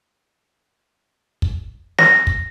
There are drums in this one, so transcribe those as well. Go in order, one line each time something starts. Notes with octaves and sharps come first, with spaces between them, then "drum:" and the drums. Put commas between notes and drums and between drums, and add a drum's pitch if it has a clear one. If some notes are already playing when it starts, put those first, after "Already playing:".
drum: kick
A#6, drum: snare
drum: kick